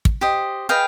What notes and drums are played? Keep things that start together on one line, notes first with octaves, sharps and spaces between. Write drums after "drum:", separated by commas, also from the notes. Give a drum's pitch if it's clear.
drum: kick
G4 C5 D#5
G#4 B4 D#5 F5 G5